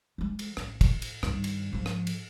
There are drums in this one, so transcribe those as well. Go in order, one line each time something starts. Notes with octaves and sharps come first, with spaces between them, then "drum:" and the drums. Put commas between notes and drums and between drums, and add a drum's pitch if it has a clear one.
E3 G#3
drum: cymbal
A1, drum: rim click
drum: kick, cymbal
drum: cymbal
G2 D#3, drum: rim click
drum: cymbal
G#2 F3
drum: rim click
drum: cymbal